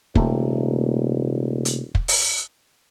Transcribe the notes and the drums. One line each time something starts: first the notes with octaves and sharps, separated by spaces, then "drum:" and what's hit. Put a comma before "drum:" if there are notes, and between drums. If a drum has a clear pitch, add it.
D#1 C3 A3 A#3, drum: kick
drum: hi-hat
drum: kick
drum: open hi-hat